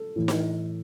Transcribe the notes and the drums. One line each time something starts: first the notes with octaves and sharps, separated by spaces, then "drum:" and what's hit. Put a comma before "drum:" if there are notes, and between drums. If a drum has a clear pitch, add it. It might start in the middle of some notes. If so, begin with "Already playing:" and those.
Already playing: A4
A2 E3
drum: snare